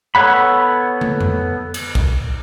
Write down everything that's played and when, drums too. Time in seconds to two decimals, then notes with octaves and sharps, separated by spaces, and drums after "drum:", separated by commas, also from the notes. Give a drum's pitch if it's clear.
0.15 B3 A4 C#5 F#5 B5
1.01 drum: tom
1.21 drum: tom F2
1.74 drum: cymbal
1.95 drum: kick B1